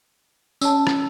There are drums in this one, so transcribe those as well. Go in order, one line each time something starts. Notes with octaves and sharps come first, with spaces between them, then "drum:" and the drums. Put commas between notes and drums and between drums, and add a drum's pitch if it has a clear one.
C#4 A5 E6, drum: tambourine
drum: rim click